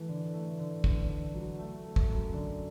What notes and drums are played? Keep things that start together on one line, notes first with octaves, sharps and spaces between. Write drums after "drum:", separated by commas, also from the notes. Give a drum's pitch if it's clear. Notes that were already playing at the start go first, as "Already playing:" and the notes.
Already playing: E3 A3
D3
A3
D3
D3, drum: kick
D3
F#3
A3
A3
drum: kick
F#2
D3